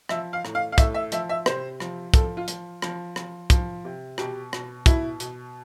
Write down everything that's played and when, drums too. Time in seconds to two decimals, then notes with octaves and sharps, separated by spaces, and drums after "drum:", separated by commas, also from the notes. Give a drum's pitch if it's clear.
0.09 F3 E5, drum: rim click
0.33 F5
0.45 A2, drum: rim click
0.55 F5
0.72 F5
0.78 A2 E5, drum: kick, hi-hat
0.94 E5
1.12 F3 E5, drum: hi-hat
1.29 E5
1.46 C3 C5, drum: rim click
1.80 F3, drum: rim click
2.14 F3 A4, drum: kick, hi-hat
2.37 F4
2.48 F3, drum: hi-hat
2.82 F3, drum: rim click
3.16 F3, drum: rim click
3.50 F3, drum: kick, hi-hat
3.85 C3
4.18 B2 G4, drum: rim click
4.53 B2, drum: rim click
4.86 B2 E4, drum: kick, hi-hat
5.20 B2, drum: hi-hat